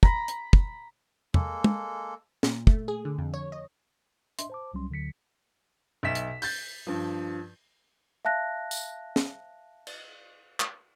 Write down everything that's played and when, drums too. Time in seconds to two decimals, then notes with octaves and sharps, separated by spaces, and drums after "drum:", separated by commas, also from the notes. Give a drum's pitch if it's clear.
0.03 A#5 B5, drum: kick
0.28 drum: hi-hat
0.53 drum: kick
1.34 G#3 A#3 A4, drum: tom
1.64 drum: tom
2.43 A#2, drum: snare
2.67 A3, drum: kick
2.88 G#4
3.05 D3
3.18 F2
3.34 C#5
3.52 D#5
4.39 D4 D#5 E5 C6, drum: hi-hat
4.50 C5 A5 D6
4.74 C2 F#3 G3 C#4 C6
4.90 D2 D3 F#3 B6 C#7
6.03 B1 E5 B6 E7
6.15 drum: hi-hat
6.42 G6 A6, drum: open hi-hat
6.87 G2 F3
8.25 E5 F5 A5 F#6 A#6
8.71 drum: tambourine
9.16 drum: snare
9.87 drum: cymbal
10.60 drum: clap